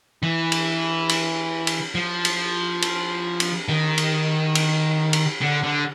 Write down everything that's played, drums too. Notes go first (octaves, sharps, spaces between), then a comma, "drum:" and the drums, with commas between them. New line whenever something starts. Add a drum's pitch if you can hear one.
E3
drum: cymbal
drum: cymbal
drum: cymbal
F3
drum: cymbal
drum: cymbal
drum: cymbal
D#3
drum: cymbal
drum: cymbal
drum: cymbal
D3
D3